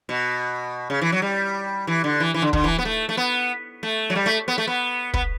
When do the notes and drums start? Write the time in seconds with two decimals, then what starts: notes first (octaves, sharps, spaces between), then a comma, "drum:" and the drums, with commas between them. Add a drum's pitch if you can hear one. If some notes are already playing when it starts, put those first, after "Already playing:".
0.09 B2
0.90 C#3
1.02 E3
1.12 F#3
1.22 G3
1.87 E3
2.04 D3
2.20 E3
2.34 E3
2.42 D3
2.53 D3, drum: kick
2.64 E3
2.79 B3
2.85 A3
3.09 A3
3.17 B3
3.83 A3
4.10 F#3
4.16 G3
4.26 A3
4.48 B3
4.58 A3
4.67 B3
5.14 B3, drum: kick